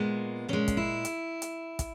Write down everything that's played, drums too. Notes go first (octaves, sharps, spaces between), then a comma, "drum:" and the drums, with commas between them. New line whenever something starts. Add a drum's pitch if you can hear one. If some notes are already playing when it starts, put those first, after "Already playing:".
Already playing: A#2 G#3 B3
A#2 G#3 C#4
drum: kick, hi-hat
E4
drum: hi-hat
drum: hi-hat
drum: kick, hi-hat